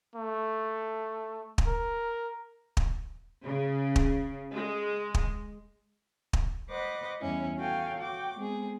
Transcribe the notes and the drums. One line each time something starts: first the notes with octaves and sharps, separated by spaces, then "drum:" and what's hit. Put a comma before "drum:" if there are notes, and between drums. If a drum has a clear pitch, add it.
A3
drum: kick
A#4
drum: kick
C#3
drum: kick
G#3
drum: kick
drum: kick
B4 C5 D#5 F#5 D6
E2 G2 C#4 E4
F#4 A4 C#5 F5 G5 G#5
F#4 G5 D6
G#3 B3 C4 G#4